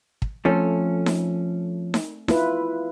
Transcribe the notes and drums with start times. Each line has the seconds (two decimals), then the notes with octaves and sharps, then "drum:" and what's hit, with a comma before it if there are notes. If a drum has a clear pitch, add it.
0.22 drum: kick
0.45 F3 A3 C4 C#4 A4
1.06 drum: snare D#4
1.94 drum: snare D#4
2.28 E4 F4 B4, drum: snare D#4